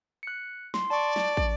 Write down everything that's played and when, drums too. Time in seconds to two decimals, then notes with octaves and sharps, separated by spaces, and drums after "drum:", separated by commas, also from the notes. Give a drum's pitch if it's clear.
0.23 F#6 C#7
0.74 C6, drum: snare
0.90 D5 A5 C#6
1.16 drum: snare
1.37 drum: kick